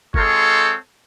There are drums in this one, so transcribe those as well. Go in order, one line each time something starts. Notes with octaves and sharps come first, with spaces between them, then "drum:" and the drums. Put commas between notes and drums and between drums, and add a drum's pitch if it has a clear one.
G#3 C4 F4 A4 C#5, drum: kick G1